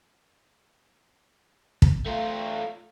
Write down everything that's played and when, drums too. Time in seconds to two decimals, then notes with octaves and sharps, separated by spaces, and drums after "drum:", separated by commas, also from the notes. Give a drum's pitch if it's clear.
1.82 drum: kick
2.06 A3 F4